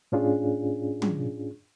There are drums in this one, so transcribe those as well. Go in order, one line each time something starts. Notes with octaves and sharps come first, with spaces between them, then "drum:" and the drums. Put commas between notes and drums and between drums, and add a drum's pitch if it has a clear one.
A2 C#4 D4 F4 G#4
drum: tom